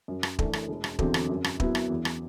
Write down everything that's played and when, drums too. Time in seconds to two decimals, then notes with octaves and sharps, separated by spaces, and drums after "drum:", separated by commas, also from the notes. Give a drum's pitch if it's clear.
0.08 F#2
0.23 drum: rim click
0.39 E3 A3 D4, drum: kick
0.53 drum: rim click
0.68 E1
0.84 drum: rim click
0.99 E2 D3 F#3 C4, drum: kick
1.14 drum: rim click
1.29 F#2
1.44 drum: rim click
1.60 F#3 B3 E4, drum: kick
1.75 drum: rim click
1.89 E2
2.05 drum: rim click